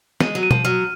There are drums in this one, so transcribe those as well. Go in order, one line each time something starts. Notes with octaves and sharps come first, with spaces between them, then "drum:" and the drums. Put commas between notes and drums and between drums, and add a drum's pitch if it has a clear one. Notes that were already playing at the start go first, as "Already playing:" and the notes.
G#3 D#7, drum: snare
F#3
D#7
F3, drum: tom B2
F#3 F6